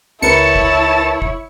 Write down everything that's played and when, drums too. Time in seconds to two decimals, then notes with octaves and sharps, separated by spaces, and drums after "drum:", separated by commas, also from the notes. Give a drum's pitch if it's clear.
0.22 C#2 E4 A#4 B4 C#5 A5 C#7, drum: snare
0.56 drum: kick
1.22 drum: kick